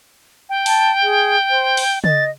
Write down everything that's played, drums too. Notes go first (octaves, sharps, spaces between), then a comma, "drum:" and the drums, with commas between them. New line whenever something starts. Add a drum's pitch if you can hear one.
G5
A5, drum: open hi-hat
G#4
C5
drum: open hi-hat
D#5 A6, drum: tom C#3